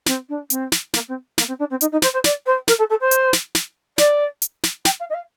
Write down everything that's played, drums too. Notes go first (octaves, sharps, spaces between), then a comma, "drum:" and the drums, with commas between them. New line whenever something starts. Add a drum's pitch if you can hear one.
C4, drum: snare
D4
C4, drum: hi-hat
drum: snare
A#3, drum: snare
C4
A#3, drum: snare
C4
D4
C4
D#4, drum: hi-hat
D#4
C5, drum: snare
C5
D5, drum: snare
C5
A#4, drum: snare
A4
A4
C5
drum: hi-hat
drum: snare
drum: snare
D5, drum: snare
drum: hi-hat
drum: snare
G5, drum: snare
F5
D#5
F5